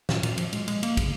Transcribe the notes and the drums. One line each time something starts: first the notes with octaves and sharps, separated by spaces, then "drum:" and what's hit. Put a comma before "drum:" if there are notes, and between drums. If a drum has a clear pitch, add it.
A#2, drum: snare
A#2, drum: cymbal
F3, drum: cymbal
G#3, drum: cymbal
G#3, drum: cymbal
A#3, drum: cymbal
C#3, drum: kick, cymbal